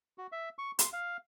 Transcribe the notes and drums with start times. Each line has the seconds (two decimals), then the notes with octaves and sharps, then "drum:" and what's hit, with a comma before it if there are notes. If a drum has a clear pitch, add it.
0.18 F#4
0.32 E5
0.58 C#6
0.79 C6, drum: hi-hat
0.93 F5